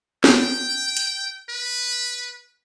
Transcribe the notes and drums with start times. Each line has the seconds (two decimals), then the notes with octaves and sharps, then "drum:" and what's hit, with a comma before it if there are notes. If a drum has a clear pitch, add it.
0.24 G5, drum: snare
0.97 drum: hi-hat
1.49 B4